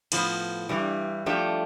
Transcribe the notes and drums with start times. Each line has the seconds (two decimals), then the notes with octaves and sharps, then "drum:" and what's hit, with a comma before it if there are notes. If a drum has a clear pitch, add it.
0.12 A2 F3 B3, drum: cymbal
0.69 G2 E3 G3
1.26 G2 F3 A3 D4 G4